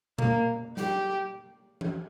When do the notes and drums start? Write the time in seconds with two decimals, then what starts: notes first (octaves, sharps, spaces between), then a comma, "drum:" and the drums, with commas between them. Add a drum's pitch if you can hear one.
0.19 A#3, drum: tom A#2
0.77 G4, drum: snare
1.81 drum: tom E3